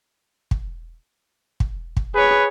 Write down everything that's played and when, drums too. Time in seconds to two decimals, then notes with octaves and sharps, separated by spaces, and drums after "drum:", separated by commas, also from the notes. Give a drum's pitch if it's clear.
0.51 drum: kick
1.60 drum: kick
1.97 drum: kick
2.15 G#4 B4 C#5